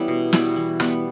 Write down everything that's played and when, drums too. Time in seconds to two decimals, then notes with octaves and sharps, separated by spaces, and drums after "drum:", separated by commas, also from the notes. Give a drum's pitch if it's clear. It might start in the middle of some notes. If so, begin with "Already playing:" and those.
Already playing: E3 G3 B3 C#4 E4
0.08 B2
0.33 G3 B3 E4, drum: snare
0.56 E3
0.80 G3 B3, drum: rim click